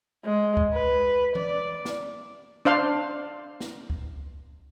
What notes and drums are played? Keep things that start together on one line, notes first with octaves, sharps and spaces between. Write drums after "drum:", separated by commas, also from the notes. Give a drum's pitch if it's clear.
G#3
drum: kick C#2
B4
D5, drum: tom E3
drum: snare
D4 C5 F5 C6
drum: snare
drum: kick C#2